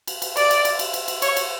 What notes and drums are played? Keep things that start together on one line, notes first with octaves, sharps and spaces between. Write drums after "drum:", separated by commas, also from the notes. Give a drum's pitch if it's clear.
drum: cymbal
drum: cymbal
D5, drum: cymbal
drum: cymbal
drum: cymbal
drum: cymbal
drum: cymbal
drum: cymbal
C#5, drum: cymbal
drum: cymbal